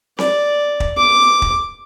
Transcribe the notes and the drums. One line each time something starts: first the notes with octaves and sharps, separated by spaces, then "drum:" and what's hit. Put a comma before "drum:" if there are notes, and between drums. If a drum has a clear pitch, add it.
D5, drum: snare C4
drum: kick
D6
drum: kick